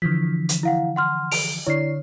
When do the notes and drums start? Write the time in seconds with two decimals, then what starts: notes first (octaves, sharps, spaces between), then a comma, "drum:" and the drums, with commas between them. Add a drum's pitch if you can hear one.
0.02 D3 E3 F3 B6
0.49 drum: hi-hat
0.63 E4 F5 F#5
0.96 F#5 C6 F6
1.31 D7 F7, drum: open hi-hat
1.67 D3 E4 C#5 D5 C7